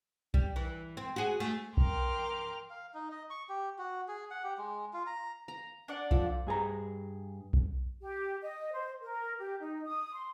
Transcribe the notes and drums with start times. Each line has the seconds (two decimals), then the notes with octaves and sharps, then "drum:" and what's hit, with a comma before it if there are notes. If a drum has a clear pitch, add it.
0.34 G3, drum: kick B1
0.56 E3
0.97 C4
1.16 F#4 G#4
1.40 A3 G#4
1.77 A#4 G5 C6 D6 F6, drum: kick B1
2.70 F5
2.94 D#4
3.11 D#5
3.30 C#6
3.49 G4
3.78 F#4
4.08 G#4
4.31 F#5
4.44 G4
4.58 G#3
4.93 F4
5.07 A#5
5.48 A#5
5.88 D4 D5 F#5
6.11 F3 A4, drum: kick B1
6.47 G2 G#4 B4 A#5
7.53 drum: kick B1
8.01 G4
8.42 D#5
8.72 C5
9.02 A#4
9.38 G4
9.60 D#4
9.85 D#6
10.14 C6